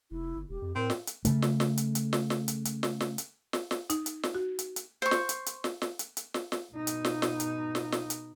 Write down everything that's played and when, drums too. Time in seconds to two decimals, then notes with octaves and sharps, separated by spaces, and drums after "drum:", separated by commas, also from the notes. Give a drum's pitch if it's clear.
0.11 F1 E4
0.36 G1
0.49 E1 G4
0.62 F2
0.76 A2 C4 A#4
0.90 drum: snare
1.07 drum: hi-hat
1.25 C#3 A3, drum: hi-hat
1.42 drum: snare
1.60 drum: snare
1.77 drum: hi-hat
1.95 drum: hi-hat
2.13 drum: snare
2.30 drum: snare
2.48 drum: hi-hat
2.65 drum: hi-hat
2.83 drum: snare
3.00 drum: snare
3.18 drum: hi-hat
3.53 drum: snare
3.71 drum: snare
3.90 D#4, drum: hi-hat
4.06 drum: hi-hat
4.23 drum: snare
4.35 F#4
4.59 drum: hi-hat
4.76 drum: hi-hat
5.02 C5 C#6
5.11 drum: snare
5.29 drum: hi-hat
5.46 drum: hi-hat
5.64 drum: snare
5.82 drum: snare
5.99 drum: hi-hat
6.17 drum: hi-hat
6.34 drum: snare
6.52 drum: snare
6.73 B2 D#4
6.87 drum: hi-hat
7.05 drum: snare
7.22 drum: snare
7.40 drum: hi-hat
7.75 drum: snare
7.92 drum: snare
8.10 drum: hi-hat